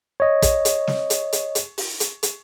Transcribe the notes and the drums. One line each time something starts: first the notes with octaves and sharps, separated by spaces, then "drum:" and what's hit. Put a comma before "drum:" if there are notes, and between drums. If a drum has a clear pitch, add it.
C#5 D#5
drum: kick, hi-hat
drum: hi-hat
drum: snare
drum: hi-hat
drum: hi-hat
drum: hi-hat
drum: open hi-hat
drum: hi-hat
drum: hi-hat